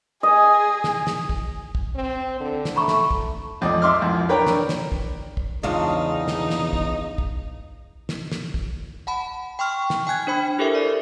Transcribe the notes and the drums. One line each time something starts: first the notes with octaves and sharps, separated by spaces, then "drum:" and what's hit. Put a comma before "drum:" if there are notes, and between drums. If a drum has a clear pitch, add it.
G#4 D#5
drum: snare
drum: snare
drum: kick
drum: kick
C4
D3
drum: snare
A3 A#5 B5 C#6
drum: snare
drum: kick
A1 F2 D5 D#5
E5 C6 D6 F6
C2 F2
D4 A#4 B4 C#5 G5
drum: snare
drum: snare
drum: kick
drum: kick
E2 C#3 D4 D#4 F4
drum: snare
drum: snare
drum: kick
drum: kick
drum: snare
drum: snare
drum: kick
F#5 A5 B5
G5 C6 C#6 F6
drum: snare
G5 G#5 F#6 G#6
D4 C5 B5
E4 G4 A4 A#4 C5 E5
D5